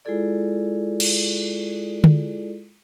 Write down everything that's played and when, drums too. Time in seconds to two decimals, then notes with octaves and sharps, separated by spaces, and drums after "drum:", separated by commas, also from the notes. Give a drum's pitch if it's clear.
0.05 G#3 E4 F4 G#4 A4 D5
1.00 drum: cymbal
2.04 drum: tom D3